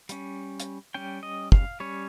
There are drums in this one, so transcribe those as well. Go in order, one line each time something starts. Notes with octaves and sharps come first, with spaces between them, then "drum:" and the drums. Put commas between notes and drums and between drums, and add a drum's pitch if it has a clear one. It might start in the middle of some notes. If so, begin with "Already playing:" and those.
G3 C#4, drum: hi-hat
drum: hi-hat
G3 C#4 G5
D#5
F5, drum: kick
G3 C#4 C#5